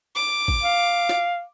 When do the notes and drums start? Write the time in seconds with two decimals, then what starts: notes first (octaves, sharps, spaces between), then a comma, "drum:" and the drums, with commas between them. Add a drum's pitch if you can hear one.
0.16 D6
0.48 drum: kick
0.63 F5
1.09 drum: snare